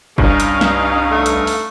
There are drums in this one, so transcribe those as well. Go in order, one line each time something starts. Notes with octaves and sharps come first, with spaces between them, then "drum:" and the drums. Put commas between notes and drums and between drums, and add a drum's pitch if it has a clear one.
C2 G2 C#4 D#4 F5, drum: kick F#1
drum: hi-hat
drum: snare
A3
drum: hi-hat
drum: open hi-hat